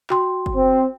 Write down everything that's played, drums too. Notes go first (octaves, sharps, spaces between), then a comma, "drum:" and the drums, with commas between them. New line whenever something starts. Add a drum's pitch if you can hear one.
F#4 G5 C6, drum: clap
drum: kick
C4